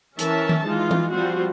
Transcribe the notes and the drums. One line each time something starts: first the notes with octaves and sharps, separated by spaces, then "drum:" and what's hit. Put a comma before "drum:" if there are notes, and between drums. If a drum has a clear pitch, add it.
E3 C#4 A#4 E5 A5, drum: hi-hat
drum: tom D#3
E3 G#3 D#4 F4
drum: tom E3
F3 G3 C4 F4 F#4 C5